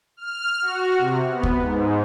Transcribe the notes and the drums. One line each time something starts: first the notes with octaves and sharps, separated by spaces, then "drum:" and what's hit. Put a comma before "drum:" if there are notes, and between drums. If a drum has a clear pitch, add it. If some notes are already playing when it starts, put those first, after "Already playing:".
F6
F#4
C3
B3
drum: kick
G#2